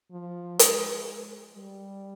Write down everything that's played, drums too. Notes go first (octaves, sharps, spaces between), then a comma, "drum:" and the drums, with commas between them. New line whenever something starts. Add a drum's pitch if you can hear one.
F3
G#3, drum: hi-hat
G3